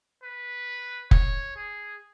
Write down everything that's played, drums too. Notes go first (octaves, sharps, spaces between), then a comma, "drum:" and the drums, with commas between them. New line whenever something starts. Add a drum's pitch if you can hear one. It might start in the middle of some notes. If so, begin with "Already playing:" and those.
B4
C#5, drum: kick F1
G#4